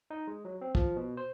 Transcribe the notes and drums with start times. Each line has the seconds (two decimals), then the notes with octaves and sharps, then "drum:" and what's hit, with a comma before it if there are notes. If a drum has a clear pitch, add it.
0.10 D#4
0.27 G#3
0.45 F#3
0.61 C4
0.75 F3, drum: kick
0.96 B2
1.17 C5